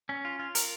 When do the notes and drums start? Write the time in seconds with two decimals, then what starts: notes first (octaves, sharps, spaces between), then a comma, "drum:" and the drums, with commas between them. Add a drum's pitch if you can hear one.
0.09 C#4
0.25 F4
0.39 F4
0.55 A#4, drum: hi-hat